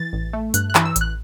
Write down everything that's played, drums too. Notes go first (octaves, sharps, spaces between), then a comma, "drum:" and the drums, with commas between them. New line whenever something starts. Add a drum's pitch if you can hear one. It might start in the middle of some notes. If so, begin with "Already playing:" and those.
Already playing: E3 A6
A1
A3
G2 F#6, drum: hi-hat
F#6
E3, drum: clap
E6
A1, drum: hi-hat
F#6